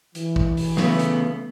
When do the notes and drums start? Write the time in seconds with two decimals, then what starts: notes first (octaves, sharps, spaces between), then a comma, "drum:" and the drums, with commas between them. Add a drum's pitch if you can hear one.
0.15 E3, drum: hi-hat
0.36 drum: kick
0.57 drum: open hi-hat
0.77 C#3 A3 B3, drum: snare
0.99 drum: hi-hat